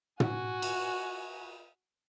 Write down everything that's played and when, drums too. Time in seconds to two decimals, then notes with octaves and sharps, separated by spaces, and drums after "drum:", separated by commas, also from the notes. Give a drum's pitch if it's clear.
0.20 F#4 G#5, drum: tom
0.62 drum: cymbal